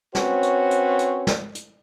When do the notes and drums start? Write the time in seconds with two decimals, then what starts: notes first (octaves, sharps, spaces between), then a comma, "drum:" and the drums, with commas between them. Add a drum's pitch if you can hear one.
0.15 C4 C#4 F#4 B4 C#5, drum: snare
0.43 drum: hi-hat
0.71 drum: hi-hat
0.99 drum: hi-hat
1.27 drum: snare
1.55 drum: hi-hat